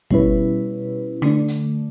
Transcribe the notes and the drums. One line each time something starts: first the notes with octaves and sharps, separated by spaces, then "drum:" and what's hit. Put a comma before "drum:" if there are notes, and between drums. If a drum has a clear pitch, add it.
B2 G3 C#4 E4 B4, drum: kick
D3 A3 D4, drum: rim click
drum: hi-hat